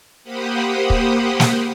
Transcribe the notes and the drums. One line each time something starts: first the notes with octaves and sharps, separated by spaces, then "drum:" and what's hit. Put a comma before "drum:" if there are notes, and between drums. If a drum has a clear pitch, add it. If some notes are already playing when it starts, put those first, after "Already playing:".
A#3 G4 C5 F#5 B5 D#6
drum: kick
drum: snare